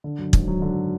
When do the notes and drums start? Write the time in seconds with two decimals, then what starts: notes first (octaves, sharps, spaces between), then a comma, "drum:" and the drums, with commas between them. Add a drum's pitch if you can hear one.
0.04 D3
0.19 F#2
0.33 G#1, drum: kick
0.48 F#3
0.62 D3